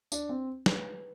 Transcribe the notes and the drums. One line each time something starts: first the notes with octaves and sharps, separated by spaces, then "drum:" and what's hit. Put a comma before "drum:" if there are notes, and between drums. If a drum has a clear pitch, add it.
D4, drum: tambourine
C4
B4, drum: snare